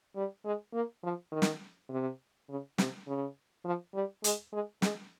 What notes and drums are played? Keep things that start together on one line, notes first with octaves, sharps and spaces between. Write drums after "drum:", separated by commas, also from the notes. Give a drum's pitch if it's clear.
G3
G#3
A#3
F3
D#3
drum: snare
C3
C#3
C3, drum: snare
C#3
F3
G3
G#3, drum: hi-hat
G#3
G#3, drum: snare